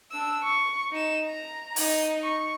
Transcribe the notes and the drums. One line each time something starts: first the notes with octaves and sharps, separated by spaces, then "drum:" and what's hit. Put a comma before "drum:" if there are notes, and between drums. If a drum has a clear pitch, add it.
D4 E6
C#6
D#4 E7
A#5
D#4, drum: open hi-hat
C#6